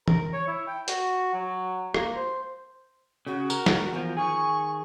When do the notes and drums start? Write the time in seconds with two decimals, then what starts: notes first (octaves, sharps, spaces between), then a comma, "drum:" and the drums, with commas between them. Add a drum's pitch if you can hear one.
0.08 A#4, drum: tom
0.33 C#5
0.47 E4
0.67 G5
0.88 F#4, drum: hi-hat
1.33 F#3
1.94 A#3, drum: rim click
2.16 C5
3.27 C#3 F#4
3.50 A#4, drum: tambourine
3.66 drum: snare
3.92 E2 F3 A#4
4.17 D#3 G#4 C#6